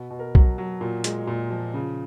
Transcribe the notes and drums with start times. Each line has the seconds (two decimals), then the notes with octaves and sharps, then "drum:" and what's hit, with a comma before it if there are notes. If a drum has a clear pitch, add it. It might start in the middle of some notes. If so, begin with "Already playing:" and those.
Already playing: B2
0.10 B2
0.19 A#4
0.35 F#3, drum: kick B1
0.58 F#3
0.81 A#2
1.04 G#3, drum: hi-hat
1.27 A#2
1.50 F3
1.74 C#3